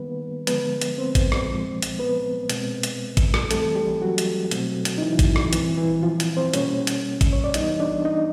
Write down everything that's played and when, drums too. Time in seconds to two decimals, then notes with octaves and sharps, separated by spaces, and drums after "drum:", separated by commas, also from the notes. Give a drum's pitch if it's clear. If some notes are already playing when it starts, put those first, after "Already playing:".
Already playing: D#3 G3 A#3 B3 B4
0.47 D3 F3 G#3 B3 B4, drum: hi-hat
0.81 drum: hi-hat
0.98 C4 C5
1.15 drum: kick G#1, hi-hat
1.32 drum: rim click
1.49 A#2 F3 G#3 C4
1.82 drum: hi-hat
1.99 B3 B4
2.49 B2 G#3 C4, drum: hi-hat
2.83 drum: hi-hat
3.17 drum: kick G#1, hi-hat
3.34 drum: rim click
3.51 E3 G3 A3 C4 A4, drum: hi-hat
3.76 G3 G4
4.01 F#3 F#4
4.18 drum: hi-hat
4.51 B2 F#3 A3 C4, drum: hi-hat
4.85 drum: hi-hat
4.98 D#4
5.02 E3 E4
5.19 drum: kick G#1, hi-hat
5.36 drum: rim click
5.53 A#2 E3 G3 C4 E4, drum: hi-hat
5.78 E3 E4
6.03 F3 F4
6.20 drum: hi-hat
6.37 C4 C5
6.53 B2 G3 A#3 C#4 C#5, drum: hi-hat
6.87 drum: hi-hat
7.21 drum: kick G#1, hi-hat
7.33 C#5
7.44 D5
7.54 E3 G3 B3 D#4 D#5, drum: hi-hat
7.80 D4 D5
8.05 D#4 D#5